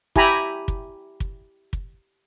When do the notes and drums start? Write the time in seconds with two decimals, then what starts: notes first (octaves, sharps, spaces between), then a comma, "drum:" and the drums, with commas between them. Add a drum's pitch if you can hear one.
0.16 E4 G4 G#5 A#5 B5, drum: kick
0.68 drum: kick
1.20 drum: kick
1.73 drum: kick